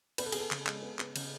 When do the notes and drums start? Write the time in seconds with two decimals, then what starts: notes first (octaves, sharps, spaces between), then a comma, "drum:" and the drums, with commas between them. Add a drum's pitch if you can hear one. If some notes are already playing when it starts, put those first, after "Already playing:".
0.18 B3 B4, drum: cymbal
0.26 A4
0.32 B3 G#4, drum: cymbal
0.40 A4
0.51 C#3, drum: clap
0.66 G#3, drum: clap
0.82 B3
0.99 B3, drum: clap
1.16 C#3, drum: cymbal